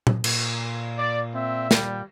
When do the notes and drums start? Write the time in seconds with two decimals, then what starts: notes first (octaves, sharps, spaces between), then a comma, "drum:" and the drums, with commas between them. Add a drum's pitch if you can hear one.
0.07 drum: tom A#2
0.24 A#2, drum: cymbal
0.98 D5
1.33 C4 E5
1.71 G3, drum: snare